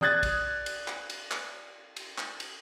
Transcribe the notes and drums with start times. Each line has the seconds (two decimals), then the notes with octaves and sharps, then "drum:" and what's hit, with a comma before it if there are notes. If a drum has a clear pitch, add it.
0.01 D5 D#6 F#6 G#6 A6, drum: tom
0.23 drum: kick, cymbal
0.66 drum: cymbal
0.88 drum: clap
1.10 drum: cymbal
1.31 drum: clap
1.96 drum: cymbal
2.18 drum: clap
2.40 drum: cymbal